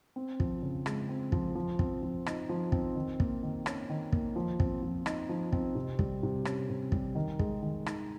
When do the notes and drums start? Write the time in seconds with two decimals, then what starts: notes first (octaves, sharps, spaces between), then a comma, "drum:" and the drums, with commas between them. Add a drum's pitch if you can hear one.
0.16 C4
0.40 F3, drum: kick
0.62 C#3
0.86 G#3, drum: rim click
1.09 C4
1.32 F3, drum: kick
1.55 F3
1.79 C4, drum: kick
2.03 F3
2.26 D#4, drum: rim click
2.49 F3
2.72 C4, drum: kick
2.96 D#3
3.20 A#3, drum: kick
3.43 D#3
3.66 C#4, drum: rim click
3.90 D#3
4.12 A#3, drum: kick
4.36 F3
4.60 C4, drum: kick
4.82 F3
5.06 D#4, drum: rim click
5.29 F3
5.53 C4, drum: kick
5.75 C3
5.99 G3, drum: kick
6.23 C3
6.45 C#4, drum: rim click
6.70 C3
6.92 G3, drum: kick
7.15 D#3
7.39 G#3, drum: kick
7.62 D#3
7.86 D#4, drum: rim click